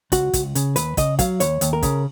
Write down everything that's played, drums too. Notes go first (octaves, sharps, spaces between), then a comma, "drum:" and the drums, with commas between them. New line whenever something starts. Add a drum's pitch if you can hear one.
C#2 F#4, drum: kick, hi-hat
C#2, drum: kick, hi-hat
C#3, drum: hi-hat
D#2 B4, drum: hi-hat
C#3 D#5, drum: kick, hi-hat
F#3 F5, drum: kick, hi-hat
D#2 C#5, drum: hi-hat
D#2, drum: hi-hat
A#4
C#3, drum: kick, hi-hat